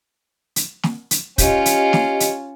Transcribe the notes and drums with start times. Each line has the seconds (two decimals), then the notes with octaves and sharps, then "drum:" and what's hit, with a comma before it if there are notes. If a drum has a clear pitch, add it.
0.56 drum: hi-hat
0.83 drum: snare
1.11 drum: hi-hat
1.38 C#4 F4 G4 D#5, drum: kick, hi-hat
1.66 drum: hi-hat
1.93 drum: snare
2.20 drum: hi-hat